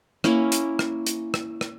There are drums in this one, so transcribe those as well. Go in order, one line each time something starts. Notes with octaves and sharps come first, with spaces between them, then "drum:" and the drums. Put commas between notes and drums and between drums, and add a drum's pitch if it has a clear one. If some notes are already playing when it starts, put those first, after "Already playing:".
A#3 C#4 E4, drum: rim click
drum: hi-hat
drum: rim click
drum: hi-hat
drum: rim click
drum: rim click